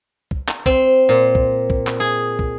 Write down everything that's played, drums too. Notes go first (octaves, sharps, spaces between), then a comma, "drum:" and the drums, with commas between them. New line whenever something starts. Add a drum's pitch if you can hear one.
drum: kick
drum: clap
C4, drum: kick
A#2
drum: kick
drum: kick
drum: clap
G#4
drum: kick